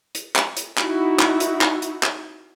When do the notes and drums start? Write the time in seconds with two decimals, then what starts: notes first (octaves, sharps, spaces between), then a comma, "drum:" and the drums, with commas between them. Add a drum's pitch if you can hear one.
0.15 drum: hi-hat
0.36 drum: clap
0.57 drum: hi-hat
0.78 D#4 E4 F#4, drum: clap
1.19 drum: clap
1.40 drum: hi-hat
1.61 drum: clap
1.82 drum: hi-hat
2.03 drum: clap